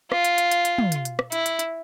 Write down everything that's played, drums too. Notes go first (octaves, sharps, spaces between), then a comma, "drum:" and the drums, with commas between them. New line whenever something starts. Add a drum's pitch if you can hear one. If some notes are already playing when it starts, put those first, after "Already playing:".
F4, drum: rim click
drum: hi-hat
drum: hi-hat
drum: hi-hat
drum: hi-hat
drum: tom
drum: hi-hat
drum: hi-hat
drum: rim click
E4, drum: hi-hat
drum: hi-hat
drum: hi-hat